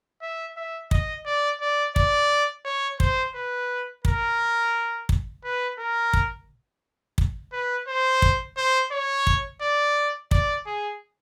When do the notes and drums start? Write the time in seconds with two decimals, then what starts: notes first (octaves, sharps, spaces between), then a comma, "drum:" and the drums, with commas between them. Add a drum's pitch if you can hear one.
0.22 E5
0.57 E5
0.91 D#5, drum: kick
1.26 D5
1.61 D5
1.96 D5, drum: kick
2.65 C#5
3.00 C5, drum: kick
3.35 B4
4.05 A#4, drum: kick
5.09 drum: kick
5.44 B4
5.79 A#4
6.13 drum: kick
7.18 drum: kick
7.53 B4
7.88 C5
8.22 drum: kick
8.57 C5
8.92 C#5
9.27 drum: kick
9.62 D5
10.31 D5, drum: kick
10.66 G#4